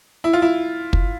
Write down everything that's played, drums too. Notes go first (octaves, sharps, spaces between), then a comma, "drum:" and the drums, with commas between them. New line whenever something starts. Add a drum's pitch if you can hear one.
E4
F4
E4
drum: kick